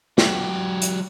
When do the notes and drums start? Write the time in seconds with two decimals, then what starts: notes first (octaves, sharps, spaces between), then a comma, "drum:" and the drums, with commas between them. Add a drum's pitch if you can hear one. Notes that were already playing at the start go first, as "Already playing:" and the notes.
0.18 F#3 G4, drum: snare
0.82 drum: hi-hat